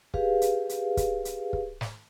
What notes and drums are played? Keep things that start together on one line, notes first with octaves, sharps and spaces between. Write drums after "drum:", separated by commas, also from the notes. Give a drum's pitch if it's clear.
G4 G#4 B4 F5, drum: kick
drum: hi-hat
drum: hi-hat
drum: kick, hi-hat
drum: hi-hat
drum: kick
drum: snare